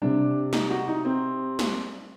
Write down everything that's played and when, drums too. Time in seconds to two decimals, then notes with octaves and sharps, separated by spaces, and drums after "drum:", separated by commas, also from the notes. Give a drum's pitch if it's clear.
0.02 C3 G3 D4
0.53 D#4, drum: snare
0.70 F#4
0.88 D#4
1.05 C4
1.59 drum: snare